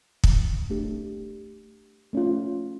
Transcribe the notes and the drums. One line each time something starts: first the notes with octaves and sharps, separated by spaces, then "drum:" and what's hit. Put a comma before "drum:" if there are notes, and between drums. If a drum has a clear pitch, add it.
drum: kick
A3 D4 G4
A3 C#4 F4